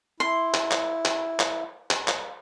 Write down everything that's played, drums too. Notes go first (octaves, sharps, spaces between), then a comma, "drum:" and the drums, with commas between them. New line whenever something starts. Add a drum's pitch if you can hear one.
E4 C6
drum: clap
drum: clap
drum: clap
drum: clap
drum: clap
drum: clap